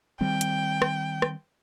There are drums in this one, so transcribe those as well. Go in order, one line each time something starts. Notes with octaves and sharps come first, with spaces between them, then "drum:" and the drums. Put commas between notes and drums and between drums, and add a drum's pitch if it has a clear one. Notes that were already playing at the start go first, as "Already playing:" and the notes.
D#3 G3 C4 G5
drum: hi-hat
drum: rim click
drum: rim click